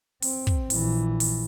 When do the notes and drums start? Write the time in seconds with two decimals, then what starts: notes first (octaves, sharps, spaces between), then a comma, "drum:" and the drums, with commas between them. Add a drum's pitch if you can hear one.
0.22 C4, drum: open hi-hat
0.47 drum: kick
0.70 A#1 E3, drum: open hi-hat
1.20 drum: open hi-hat